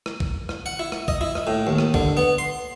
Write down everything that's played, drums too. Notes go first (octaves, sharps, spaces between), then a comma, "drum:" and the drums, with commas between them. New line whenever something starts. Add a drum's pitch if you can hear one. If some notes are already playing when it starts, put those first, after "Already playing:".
drum: rim click
drum: kick A#1
drum: rim click
F#5
E4
drum: rim click
D#5, drum: kick A#1
E4
drum: rim click
A2
D#2
drum: rim click
D3, drum: kick A#1
B3
C6